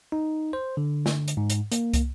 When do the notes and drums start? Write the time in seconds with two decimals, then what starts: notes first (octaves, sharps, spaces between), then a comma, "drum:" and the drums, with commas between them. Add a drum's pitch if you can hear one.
0.12 D#4
0.53 C5
0.77 D3
1.06 drum: snare
1.28 drum: hi-hat
1.37 G#2
1.50 drum: hi-hat
1.72 A#3, drum: hi-hat
1.94 drum: kick, hi-hat